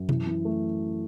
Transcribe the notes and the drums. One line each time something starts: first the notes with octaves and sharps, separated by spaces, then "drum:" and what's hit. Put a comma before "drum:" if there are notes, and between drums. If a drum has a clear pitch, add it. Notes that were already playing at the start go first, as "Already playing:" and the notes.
Already playing: F#2
E3, drum: tom B2
E3
A3